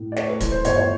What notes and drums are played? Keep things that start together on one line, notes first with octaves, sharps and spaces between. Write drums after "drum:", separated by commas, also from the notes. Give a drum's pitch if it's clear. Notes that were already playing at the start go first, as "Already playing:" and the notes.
Already playing: A2
D5
A3 C#5, drum: snare
B4
E3 C5, drum: kick, hi-hat
C5
G1 C#5, drum: hi-hat
C#5